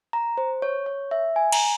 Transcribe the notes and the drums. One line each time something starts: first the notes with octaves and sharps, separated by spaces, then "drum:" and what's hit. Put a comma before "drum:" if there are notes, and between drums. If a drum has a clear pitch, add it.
A#5
C5
C#5
C#5
E5
G#5
A#5, drum: cymbal